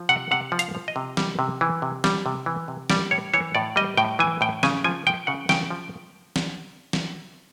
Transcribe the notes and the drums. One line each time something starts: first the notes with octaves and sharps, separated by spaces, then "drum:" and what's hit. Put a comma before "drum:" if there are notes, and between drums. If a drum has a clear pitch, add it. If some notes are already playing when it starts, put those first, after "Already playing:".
Already playing: F3
C3 F#5
C3 F#5
F3
F5, drum: hi-hat
F3
D#5
C3
G3, drum: snare
C3
E3
C3
G3, drum: snare
C3
E3
C3
G3 D5, drum: snare
A2 C#5
E3 C#5
A2 D5
G3 D#5
A2 G5
E3 G#5
A2 G5
C#3 G#5, drum: snare
F3 G#5
F3 G5
C#3 F#5
C#3 G5, drum: snare
F3
drum: snare
drum: snare